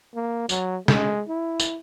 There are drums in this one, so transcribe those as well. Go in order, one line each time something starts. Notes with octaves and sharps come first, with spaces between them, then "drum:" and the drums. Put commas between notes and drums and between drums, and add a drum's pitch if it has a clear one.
A#3
F#3, drum: tambourine
G#3, drum: snare
E4
drum: tambourine